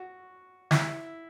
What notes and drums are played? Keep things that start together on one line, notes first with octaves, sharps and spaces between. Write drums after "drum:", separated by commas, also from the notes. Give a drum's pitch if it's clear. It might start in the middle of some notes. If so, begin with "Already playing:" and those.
Already playing: F#4
E4, drum: snare